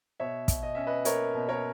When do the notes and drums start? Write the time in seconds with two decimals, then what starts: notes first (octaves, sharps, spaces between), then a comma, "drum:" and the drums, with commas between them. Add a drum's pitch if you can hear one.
0.20 B2 C#5 E5
0.48 B2, drum: kick, hi-hat
0.63 D#5
0.75 C#4 E5
0.87 B4 D#5
1.05 A#3 A#4 C#5, drum: hi-hat
1.34 B2
1.49 A#4 C#5